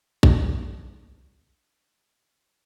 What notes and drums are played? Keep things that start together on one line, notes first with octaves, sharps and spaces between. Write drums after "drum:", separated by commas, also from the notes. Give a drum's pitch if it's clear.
D4 D#4 D5 D#5 C6, drum: kick